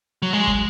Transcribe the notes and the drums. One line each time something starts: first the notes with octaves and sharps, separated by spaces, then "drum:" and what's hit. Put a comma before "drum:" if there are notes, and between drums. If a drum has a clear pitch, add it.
F#3
G#3
drum: kick